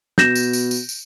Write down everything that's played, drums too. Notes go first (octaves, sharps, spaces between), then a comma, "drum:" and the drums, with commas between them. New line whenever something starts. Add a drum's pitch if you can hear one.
B2 G6 A#6 E7, drum: snare
drum: tambourine
drum: tambourine
drum: tambourine
drum: tambourine